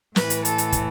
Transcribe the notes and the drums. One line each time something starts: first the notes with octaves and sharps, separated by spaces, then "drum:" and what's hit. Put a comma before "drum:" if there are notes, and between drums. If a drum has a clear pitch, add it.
A2 E3 B4, drum: snare
drum: hi-hat
A4, drum: hi-hat
drum: hi-hat
drum: kick, hi-hat